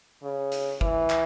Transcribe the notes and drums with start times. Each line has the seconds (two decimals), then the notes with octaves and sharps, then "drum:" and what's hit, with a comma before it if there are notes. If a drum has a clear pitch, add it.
0.23 C#3
0.52 drum: hi-hat
0.81 E3, drum: kick
1.10 drum: clap